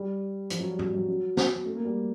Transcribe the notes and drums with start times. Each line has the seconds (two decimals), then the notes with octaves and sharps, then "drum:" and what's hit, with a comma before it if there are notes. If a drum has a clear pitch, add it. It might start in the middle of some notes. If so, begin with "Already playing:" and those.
Already playing: G3
0.50 F3, drum: hi-hat
0.60 F#3
0.70 G3
0.79 F#3, drum: tom G#2
0.94 F#3
1.08 F#3
1.37 drum: snare
1.65 A3
1.75 A#3
1.85 G3